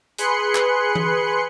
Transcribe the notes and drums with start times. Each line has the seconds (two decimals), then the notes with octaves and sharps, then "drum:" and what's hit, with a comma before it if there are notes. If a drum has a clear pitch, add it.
0.18 G#4 B4 C6 F#6 C#7, drum: hi-hat
0.55 drum: clap
0.95 drum: tom E3